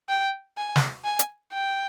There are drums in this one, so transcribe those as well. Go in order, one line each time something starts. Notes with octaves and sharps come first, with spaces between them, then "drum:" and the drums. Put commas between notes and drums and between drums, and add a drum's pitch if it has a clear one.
G5
G#5
drum: snare
G#5
drum: hi-hat
G5